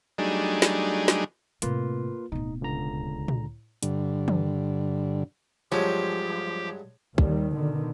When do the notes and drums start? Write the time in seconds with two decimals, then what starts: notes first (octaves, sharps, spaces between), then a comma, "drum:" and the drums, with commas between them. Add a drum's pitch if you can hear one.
0.18 F#3 G3 A3 D4 D#4 G#4
0.62 drum: snare
1.08 drum: snare
1.62 A2 C3 A#3 F4 B4, drum: hi-hat
2.32 D1 B2 D#4
2.61 C#2 D3 A#5
3.28 drum: tom
3.83 G2 D3, drum: hi-hat
4.28 drum: tom
5.72 G2 F3 F#3 G#3 G4 C#5
7.18 D#2 D#3 G3, drum: kick
7.55 B2 D3 D#3